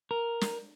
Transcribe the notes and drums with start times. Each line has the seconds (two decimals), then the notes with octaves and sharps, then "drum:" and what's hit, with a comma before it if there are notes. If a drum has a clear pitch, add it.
0.11 A#4
0.41 drum: snare